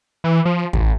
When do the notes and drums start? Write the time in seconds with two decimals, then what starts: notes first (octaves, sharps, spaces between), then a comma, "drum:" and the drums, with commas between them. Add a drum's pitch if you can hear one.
0.24 E3
0.45 F3
0.73 A1, drum: kick